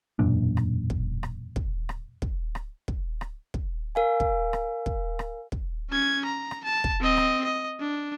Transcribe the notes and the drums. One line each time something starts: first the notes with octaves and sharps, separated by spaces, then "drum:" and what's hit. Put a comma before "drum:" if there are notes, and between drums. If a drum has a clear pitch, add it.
E1 F#2 A#2 D4
drum: rim click
drum: kick
drum: rim click
drum: kick
drum: rim click
drum: kick
drum: rim click
drum: kick
drum: rim click
drum: kick
A#4 F5 G#5
drum: kick
drum: rim click
drum: kick
drum: rim click
drum: kick
C#4 G#6
A#5
drum: rim click
A5
drum: kick
C4 D#5
drum: rim click
D#5
D4